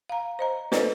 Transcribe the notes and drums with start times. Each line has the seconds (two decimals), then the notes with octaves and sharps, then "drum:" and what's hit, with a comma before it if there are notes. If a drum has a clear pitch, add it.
0.09 F5 A#5
0.39 C5 D#5 A#5
0.72 D#4 A4 B4 C5 D5 D#5, drum: snare